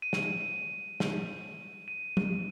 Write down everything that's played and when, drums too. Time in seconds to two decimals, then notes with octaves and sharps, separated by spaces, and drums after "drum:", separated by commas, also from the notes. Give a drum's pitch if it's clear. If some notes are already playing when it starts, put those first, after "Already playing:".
0.02 D#7
0.13 drum: snare
1.00 drum: snare
1.88 D#7
2.17 drum: tom